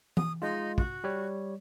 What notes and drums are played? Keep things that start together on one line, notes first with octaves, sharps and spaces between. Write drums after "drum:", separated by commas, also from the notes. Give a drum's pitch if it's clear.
D#6, drum: tom E3
G#3 D#4 F4
F#4, drum: kick
G3 C#5